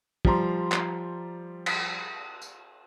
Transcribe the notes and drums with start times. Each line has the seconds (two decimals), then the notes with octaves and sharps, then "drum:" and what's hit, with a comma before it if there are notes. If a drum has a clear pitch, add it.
0.25 F3 G3 A#5 C6, drum: kick
0.72 drum: clap
1.66 drum: cymbal
2.42 drum: tambourine